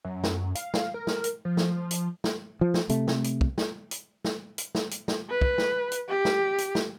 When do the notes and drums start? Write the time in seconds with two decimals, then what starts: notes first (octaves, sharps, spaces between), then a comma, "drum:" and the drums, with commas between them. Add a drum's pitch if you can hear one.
0.04 F#2
0.24 drum: snare
0.55 F5, drum: hi-hat
0.74 drum: snare
0.94 A#4
1.07 drum: snare
1.24 drum: hi-hat
1.45 F3
1.57 drum: snare
1.91 drum: hi-hat
2.24 drum: snare
2.61 F3
2.74 drum: snare
2.89 C3 A3, drum: hi-hat
3.08 drum: snare
3.24 drum: hi-hat
3.41 drum: kick
3.58 drum: snare
3.91 drum: hi-hat
4.25 drum: snare
4.58 drum: hi-hat
4.75 drum: snare
4.91 drum: hi-hat
5.08 drum: snare
5.29 B4
5.41 drum: kick
5.58 drum: snare
5.92 drum: hi-hat
6.08 G4
6.25 drum: snare
6.58 drum: hi-hat
6.75 drum: snare